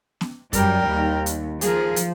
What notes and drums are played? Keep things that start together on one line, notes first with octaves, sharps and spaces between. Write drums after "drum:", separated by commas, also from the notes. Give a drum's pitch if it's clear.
drum: snare B3
F#2 G3 A#4 G5, drum: kick F2, hi-hat
D#2
drum: hi-hat
F3 G#4 A#4, drum: hi-hat
drum: hi-hat